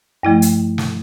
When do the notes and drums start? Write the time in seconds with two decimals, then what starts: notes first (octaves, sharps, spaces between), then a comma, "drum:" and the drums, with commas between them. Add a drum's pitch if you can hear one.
0.23 G2 F3 A3 E4
0.42 drum: hi-hat
0.78 drum: snare